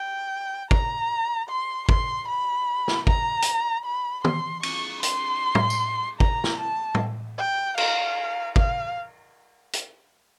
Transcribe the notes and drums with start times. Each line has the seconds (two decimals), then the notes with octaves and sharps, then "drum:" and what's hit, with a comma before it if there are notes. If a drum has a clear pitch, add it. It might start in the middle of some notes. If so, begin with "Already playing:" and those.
Already playing: G5
0.71 A#5, drum: kick
1.50 C6
1.89 C6, drum: kick
2.28 B5
2.88 drum: snare
3.07 A#5, drum: kick
3.42 drum: hi-hat
3.85 B5
4.25 C6, drum: tom
4.63 C#6, drum: cymbal
5.03 C6, drum: hi-hat
5.55 drum: tom
5.70 drum: tambourine
6.20 A#5, drum: kick
6.44 drum: snare
6.60 A5
6.95 drum: tom
7.39 G5
7.78 F5, drum: cymbal
8.56 F5, drum: kick
9.73 drum: hi-hat